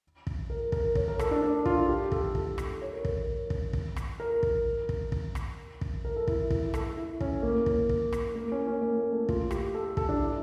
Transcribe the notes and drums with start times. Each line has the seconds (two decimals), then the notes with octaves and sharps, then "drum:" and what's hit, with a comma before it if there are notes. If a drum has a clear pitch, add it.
0.27 drum: kick
0.50 A#4
0.72 A#4, drum: kick
0.95 C#5, drum: kick
1.08 A#4
1.19 A4, drum: rim click
1.31 D4
1.42 D4
1.66 F4, drum: kick
1.89 G4
2.12 A4, drum: kick
2.35 A4, drum: kick
2.58 drum: rim click
2.81 C#5
2.92 A#4
3.05 A#4, drum: kick
3.16 C#5
3.50 drum: kick
3.73 drum: kick
3.96 drum: rim click
4.20 A#4
4.43 drum: kick
4.89 drum: kick
5.12 drum: kick
5.35 drum: rim click
5.81 drum: kick
6.05 A#4
6.16 A4
6.27 E4, drum: kick
6.50 E4, drum: kick
6.74 A4, drum: rim click
6.98 E4
7.20 C#4, drum: kick
7.43 A#3
7.66 drum: kick
7.89 drum: kick
8.12 drum: rim click
8.35 A#3
8.52 C#4
8.67 C#4
8.81 A#3
8.98 A3
9.12 A3
9.29 F4, drum: kick
9.51 G4, drum: rim click
9.74 A4
9.97 A4, drum: kick
10.09 D4
10.21 E4